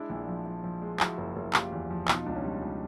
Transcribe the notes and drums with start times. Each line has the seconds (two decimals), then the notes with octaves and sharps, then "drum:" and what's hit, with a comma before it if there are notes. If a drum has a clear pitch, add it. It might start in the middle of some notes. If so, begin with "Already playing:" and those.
Already playing: G#3 D4 E4
0.09 A#1
0.28 F3
0.46 F3
0.64 F3
0.82 G#3
1.00 F3 E4 F#4, drum: clap
1.18 F#1
1.36 F#1
1.53 F#1 F4 G4, drum: clap
1.72 E2
1.90 F3
2.08 B2 D#4 F4, drum: clap
2.26 C#2 D4
2.35 C#4 D#4
2.44 G3
2.62 C#2